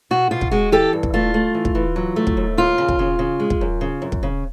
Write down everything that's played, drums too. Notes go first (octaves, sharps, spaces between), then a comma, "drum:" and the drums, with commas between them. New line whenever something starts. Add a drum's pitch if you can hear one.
B2 F#4
B2 F4
drum: kick
G#3 F#4
E3 G4 A4
G2
drum: kick
A3 F4
A3
E3
drum: kick
E3
F#3
A3
drum: kick
D#2
D#2 F4
C#3
drum: kick
C#3
C#3
G#3
drum: kick
F#2
C#3
F#2
drum: kick
C#3